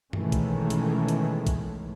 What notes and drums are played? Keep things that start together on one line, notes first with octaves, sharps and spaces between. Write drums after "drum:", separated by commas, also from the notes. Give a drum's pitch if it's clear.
B2 D#3 E3 G#3 A3 C#4, drum: tom G2
drum: kick, hi-hat
drum: hi-hat
drum: hi-hat
drum: kick, hi-hat